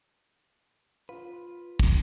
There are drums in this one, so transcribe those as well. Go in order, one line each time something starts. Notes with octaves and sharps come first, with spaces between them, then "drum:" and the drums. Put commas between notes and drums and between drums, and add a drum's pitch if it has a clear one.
F4 B4 F5
drum: kick